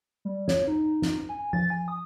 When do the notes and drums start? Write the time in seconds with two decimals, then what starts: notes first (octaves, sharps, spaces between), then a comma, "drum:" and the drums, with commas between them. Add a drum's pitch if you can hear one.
0.25 G3
0.48 C#5, drum: snare
0.67 D#4
1.02 drum: snare
1.29 G#5
1.53 A6, drum: tom F3
1.70 G#5
1.88 D#6